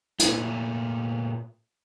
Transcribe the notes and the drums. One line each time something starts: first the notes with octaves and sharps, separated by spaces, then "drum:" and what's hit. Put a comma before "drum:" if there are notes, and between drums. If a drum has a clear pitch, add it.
A#2 A3, drum: hi-hat